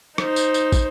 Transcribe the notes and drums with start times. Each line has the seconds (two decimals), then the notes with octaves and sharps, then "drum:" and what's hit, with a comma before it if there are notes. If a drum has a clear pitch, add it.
0.18 D#4 C5, drum: rim click
0.36 drum: tambourine
0.54 drum: tambourine
0.72 drum: kick, tambourine